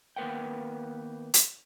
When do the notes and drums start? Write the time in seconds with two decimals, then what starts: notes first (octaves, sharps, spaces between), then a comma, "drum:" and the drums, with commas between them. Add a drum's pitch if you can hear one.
0.16 D#2 A#3 B3 B4 F#5 G5
1.34 drum: hi-hat